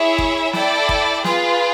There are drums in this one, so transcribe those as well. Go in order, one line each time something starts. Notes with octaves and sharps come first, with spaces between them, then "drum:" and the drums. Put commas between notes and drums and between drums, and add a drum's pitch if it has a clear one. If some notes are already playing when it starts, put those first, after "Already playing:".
Already playing: E4 G#4 C#5 E5
drum: kick
E4 A4 D5 G5, drum: snare
drum: kick
F4 G#4 B4, drum: snare